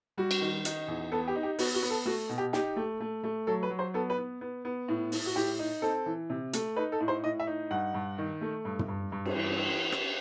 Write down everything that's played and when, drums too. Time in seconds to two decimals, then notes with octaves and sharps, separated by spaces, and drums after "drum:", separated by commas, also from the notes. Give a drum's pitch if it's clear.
0.17 G3 F#4
0.31 drum: cymbal
0.41 D#3
0.65 D#4, drum: hi-hat
0.88 E2
1.12 B3 A4
1.28 G4
1.36 D#4
1.43 G4
1.59 B3 F#4, drum: open hi-hat
1.75 F#4
1.83 B3
1.90 A4
2.06 A3 F#4
2.29 B2
2.38 G4
2.53 D#4 G4, drum: snare
2.76 A3
3.00 A3
3.24 A3
3.47 F#3 A4
3.63 B4
3.70 F#3
3.79 C5
3.94 B3 A4
4.10 B4
4.18 B3
4.41 B3
4.65 B3
4.88 A2
5.12 A2, drum: open hi-hat
5.26 F#4
5.35 A2 G4
5.59 D#4
5.82 C4 A4
6.06 E3
6.30 C3
6.53 A3, drum: hi-hat
6.76 D#4 B4
6.92 A4
7.00 A2
7.08 C5
7.24 A2 D#5
7.40 E5
7.47 D#4
7.71 G2 F#5
7.94 G2
8.18 D#3
8.41 A3
8.65 G2
8.79 drum: tom
8.88 G2
9.12 G2
9.25 drum: cymbal
9.35 E3
9.92 drum: rim click